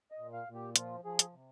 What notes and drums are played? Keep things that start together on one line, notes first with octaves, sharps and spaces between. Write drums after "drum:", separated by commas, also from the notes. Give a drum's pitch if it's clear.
D#5
A#2
F5
A#2
G4
F3 F4, drum: hi-hat
F3 G#4
drum: hi-hat
C3